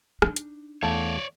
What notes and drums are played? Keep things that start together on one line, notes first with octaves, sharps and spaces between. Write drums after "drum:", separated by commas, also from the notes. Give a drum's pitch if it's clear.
D4 D#4, drum: rim click
drum: hi-hat
E2 A3 C#5 D5 F5 A5